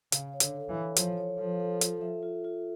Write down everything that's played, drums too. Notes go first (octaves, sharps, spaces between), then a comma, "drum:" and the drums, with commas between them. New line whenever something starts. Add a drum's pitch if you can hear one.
C#3 F5, drum: hi-hat
C#5
D3, drum: hi-hat
A4
E3
C#5
F3 C#5, drum: hi-hat
C#5
F3 A4
A4
F4, drum: hi-hat
E5
F4
F4